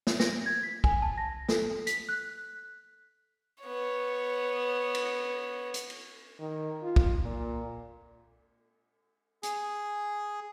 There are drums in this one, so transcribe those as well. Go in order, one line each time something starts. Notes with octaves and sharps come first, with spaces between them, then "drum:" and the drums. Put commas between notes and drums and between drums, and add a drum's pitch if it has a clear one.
drum: snare
A#6, drum: snare
G#6
B6
G#5, drum: kick
A5
A#6
A4, drum: snare
B6, drum: hi-hat
F#6
B3 C#5
drum: cymbal
drum: hi-hat
drum: cymbal
D#3
F4
drum: kick
A#2
G#4, drum: hi-hat